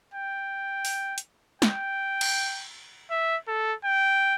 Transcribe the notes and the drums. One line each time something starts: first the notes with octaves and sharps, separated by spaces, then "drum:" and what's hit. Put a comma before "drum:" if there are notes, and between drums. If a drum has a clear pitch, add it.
G5
drum: open hi-hat
drum: hi-hat
G5, drum: snare
drum: cymbal
E5
A4
G5